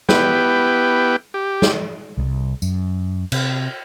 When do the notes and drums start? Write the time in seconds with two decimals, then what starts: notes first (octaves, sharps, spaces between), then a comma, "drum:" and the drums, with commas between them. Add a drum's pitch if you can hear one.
0.09 B3 E4 G4 B4 G5, drum: snare
1.34 G4
1.62 drum: snare
2.18 C2
2.62 F#2, drum: tambourine
3.32 C3, drum: cymbal